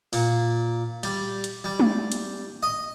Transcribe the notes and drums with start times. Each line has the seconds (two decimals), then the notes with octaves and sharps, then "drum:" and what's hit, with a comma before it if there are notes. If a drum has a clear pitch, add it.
0.13 A#2, drum: open hi-hat
1.03 G3, drum: cymbal
1.44 drum: hi-hat
1.64 G3
1.80 drum: tom G#3
2.12 drum: hi-hat
2.63 D#5